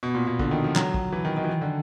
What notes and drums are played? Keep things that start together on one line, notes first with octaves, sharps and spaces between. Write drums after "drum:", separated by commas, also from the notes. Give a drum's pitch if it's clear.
B2
A#2
B2
D3, drum: kick
D#3
F3
F#3, drum: clap
drum: kick
E3
D#3
D#3
E3
D#3
D3